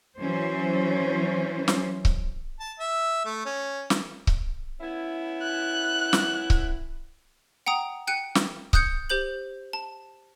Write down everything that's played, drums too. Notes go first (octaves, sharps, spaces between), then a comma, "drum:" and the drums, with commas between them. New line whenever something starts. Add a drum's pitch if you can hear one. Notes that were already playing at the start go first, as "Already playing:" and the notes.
E3 F#3 C#4 C5
drum: snare
drum: kick C#1
A5
E5
A3
C#4
drum: snare
drum: kick C#1
B3 C#4 E4
F#6
drum: snare
drum: kick C#1
F#5 G5 A#5 D#6
G5 F#6 C#7 D#7
drum: snare
D#6 F#6 G6 C#7, drum: kick C#1
G4 C5 G6 F#7
A5